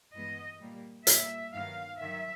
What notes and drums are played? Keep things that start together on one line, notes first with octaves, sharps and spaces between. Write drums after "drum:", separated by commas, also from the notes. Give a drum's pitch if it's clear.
G2 E3 G#3 B3 D#5
A#2 G3 A#3
A#2 G3 A#3 E5, drum: hi-hat
G2 D#3 F#3 B3 F5
G2 D#3 F#3 E5